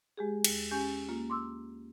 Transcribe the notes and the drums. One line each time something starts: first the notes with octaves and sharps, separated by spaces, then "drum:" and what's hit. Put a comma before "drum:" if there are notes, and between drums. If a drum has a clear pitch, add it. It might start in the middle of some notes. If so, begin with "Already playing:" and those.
G#3 G4 G#4
D#2, drum: cymbal
C#4 G4 G#5 G6
A#3 F4
C6 D6 E6